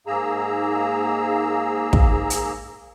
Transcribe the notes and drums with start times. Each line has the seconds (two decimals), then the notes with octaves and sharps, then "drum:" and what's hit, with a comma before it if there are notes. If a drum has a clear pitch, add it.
0.07 G#2 A#3 G#4 A#5 E6
1.93 drum: kick
2.30 drum: hi-hat